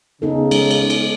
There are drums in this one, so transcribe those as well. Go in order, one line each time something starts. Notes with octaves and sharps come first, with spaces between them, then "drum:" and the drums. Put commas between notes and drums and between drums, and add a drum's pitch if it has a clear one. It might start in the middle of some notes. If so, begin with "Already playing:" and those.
C#3 B3 D#4 A4
G#3, drum: cymbal
drum: cymbal
B3 D#4 A4
drum: cymbal